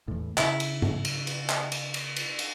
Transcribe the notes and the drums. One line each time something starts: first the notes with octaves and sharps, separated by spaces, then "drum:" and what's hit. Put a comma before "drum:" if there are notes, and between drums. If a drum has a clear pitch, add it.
E2 A2
C#3 E4, drum: clap
drum: cymbal
drum: tom G#2
drum: cymbal
drum: cymbal
drum: clap
drum: cymbal
drum: cymbal
drum: cymbal
drum: cymbal